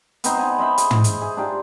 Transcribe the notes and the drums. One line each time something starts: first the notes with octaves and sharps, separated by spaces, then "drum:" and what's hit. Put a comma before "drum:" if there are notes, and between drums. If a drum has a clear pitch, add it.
B3 C4 D#4 C5, drum: hi-hat
D#4 G#5 B5
C5 D#5 E5 B5
G#4, drum: hi-hat
drum: tom
drum: hi-hat
G#4 E5
D4 D#4 F4 G4